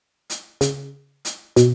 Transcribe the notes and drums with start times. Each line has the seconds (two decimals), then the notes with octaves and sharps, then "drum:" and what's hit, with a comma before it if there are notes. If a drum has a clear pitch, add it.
0.30 drum: hi-hat
0.61 C#3, drum: hi-hat
1.25 drum: hi-hat
1.56 B2, drum: hi-hat